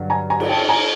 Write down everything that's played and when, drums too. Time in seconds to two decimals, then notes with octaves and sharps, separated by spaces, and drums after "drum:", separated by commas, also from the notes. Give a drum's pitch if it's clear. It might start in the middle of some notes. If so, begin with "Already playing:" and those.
Already playing: G2 D3 F#3
0.10 G#5 A#5
0.30 G#5 A#5
0.40 drum: cymbal
0.49 G5 A5
0.69 G#5 A#5